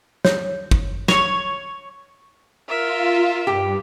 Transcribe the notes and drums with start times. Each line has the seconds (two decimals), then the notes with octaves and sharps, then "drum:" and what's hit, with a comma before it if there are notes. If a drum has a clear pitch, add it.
0.25 C#5, drum: snare
0.71 drum: kick
1.08 C#5, drum: snare
2.69 F4 A#4 E5
3.47 G2 G4